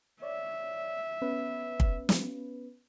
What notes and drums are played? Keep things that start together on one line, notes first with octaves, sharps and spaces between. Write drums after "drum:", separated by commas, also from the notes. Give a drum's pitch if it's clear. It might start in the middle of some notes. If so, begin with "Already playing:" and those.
C#5 D5 E5
B3 C#4 B4
drum: kick
drum: snare